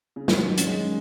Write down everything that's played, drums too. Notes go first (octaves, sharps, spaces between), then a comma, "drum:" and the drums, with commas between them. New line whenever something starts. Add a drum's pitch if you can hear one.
C#3
D#3 F#3, drum: snare
D#3
C#4, drum: hi-hat
G#3